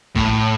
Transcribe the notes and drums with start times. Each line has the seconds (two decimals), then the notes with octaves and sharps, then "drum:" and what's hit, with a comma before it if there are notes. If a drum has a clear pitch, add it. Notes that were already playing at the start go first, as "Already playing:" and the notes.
0.15 A2, drum: kick G#1